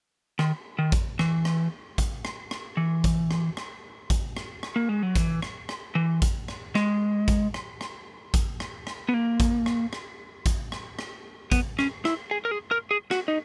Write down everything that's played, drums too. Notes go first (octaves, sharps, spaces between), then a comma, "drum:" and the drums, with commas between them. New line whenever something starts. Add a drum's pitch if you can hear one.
D#3, drum: rim click
D#3
drum: kick A1, hi-hat
E3, drum: rim click
drum: rim click
drum: kick A1, hi-hat
drum: rim click
drum: rim click
E3
drum: kick A1, hi-hat
drum: rim click
drum: rim click
drum: kick A1, hi-hat
drum: rim click
drum: rim click
A#3
G#3
F#3
E3, drum: kick A1, hi-hat
drum: rim click
drum: rim click
E3
drum: kick A1, hi-hat
drum: rim click
G#3, drum: rim click
drum: kick A1, hi-hat
drum: rim click
drum: rim click
drum: kick A1, hi-hat
drum: rim click
drum: rim click
B3
A#3
drum: kick A1, hi-hat
drum: rim click
drum: rim click
drum: kick A1, hi-hat
drum: rim click
drum: rim click
B3, drum: kick A1, hi-hat
C#4, drum: rim click
E4, drum: rim click
G#4
A#4
G#4
A#4
G#4
F#4, drum: rim click
D#4